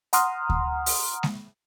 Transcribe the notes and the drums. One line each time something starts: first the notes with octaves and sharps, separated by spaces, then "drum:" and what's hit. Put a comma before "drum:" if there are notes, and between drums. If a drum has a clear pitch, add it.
F#5 A#5 C6 D#6 F6, drum: hi-hat
drum: kick D2
drum: open hi-hat
drum: snare G#3